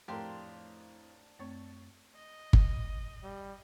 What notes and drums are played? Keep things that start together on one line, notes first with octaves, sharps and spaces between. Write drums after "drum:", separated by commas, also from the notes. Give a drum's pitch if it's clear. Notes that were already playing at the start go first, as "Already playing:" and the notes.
F2 A2 A3 D4 G4 A#4 F5 C6
F#2 A3 C4 C#5 C#6 A6
D#5
drum: kick G1
G3